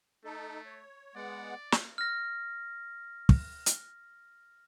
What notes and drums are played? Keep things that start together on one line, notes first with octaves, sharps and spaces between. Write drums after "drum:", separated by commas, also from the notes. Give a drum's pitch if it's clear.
A3 D#4 A4
C#5
G#3 B3 D5 F#5
drum: snare
F6 A#6
drum: kick
drum: hi-hat